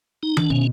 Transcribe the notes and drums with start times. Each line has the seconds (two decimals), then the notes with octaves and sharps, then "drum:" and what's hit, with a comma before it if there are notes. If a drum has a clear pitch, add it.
0.23 D#4
0.37 D4, drum: tom D#3
0.50 B2 C#4